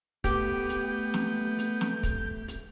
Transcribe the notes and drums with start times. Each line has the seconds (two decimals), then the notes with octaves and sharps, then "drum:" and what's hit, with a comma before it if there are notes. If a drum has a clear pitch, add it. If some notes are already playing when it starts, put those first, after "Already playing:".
0.24 A3 B3 G4 G6, drum: kick, hi-hat
0.69 drum: hi-hat
1.14 drum: snare
1.59 drum: hi-hat
1.81 drum: snare
2.03 drum: kick, hi-hat
2.48 drum: hi-hat